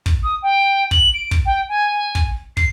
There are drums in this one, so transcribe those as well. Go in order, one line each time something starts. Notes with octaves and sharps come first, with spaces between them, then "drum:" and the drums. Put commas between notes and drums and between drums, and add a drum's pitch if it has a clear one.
drum: kick
D#6
G5
F#7, drum: kick
D7
drum: kick
G5
G#5
drum: kick
C7, drum: kick